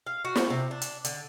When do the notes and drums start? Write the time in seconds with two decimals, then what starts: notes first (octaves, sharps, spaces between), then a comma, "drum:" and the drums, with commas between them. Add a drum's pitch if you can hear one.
0.07 F5
0.25 F#4
0.36 drum: snare
0.50 C3
0.71 D4
0.82 drum: hi-hat
1.05 D3, drum: hi-hat